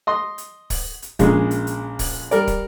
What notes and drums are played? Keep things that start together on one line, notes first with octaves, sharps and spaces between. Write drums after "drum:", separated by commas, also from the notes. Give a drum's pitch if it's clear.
D#5 C6
drum: hi-hat
drum: kick, open hi-hat
drum: hi-hat
A#1 C#3 G#3, drum: kick, hi-hat
drum: hi-hat
drum: hi-hat
drum: kick, open hi-hat
G3 A#4 D5, drum: hi-hat
drum: kick, hi-hat